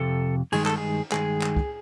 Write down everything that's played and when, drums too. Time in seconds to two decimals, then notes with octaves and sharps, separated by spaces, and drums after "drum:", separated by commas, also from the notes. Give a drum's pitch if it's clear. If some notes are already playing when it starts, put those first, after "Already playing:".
Already playing: F2 C3 A4
0.52 G2 D#3 G#3 G#4, drum: cymbal
0.66 A4, drum: clap
0.78 G#4
1.12 G2 D#3 G#3 G#4, drum: clap
1.42 drum: clap
1.57 drum: kick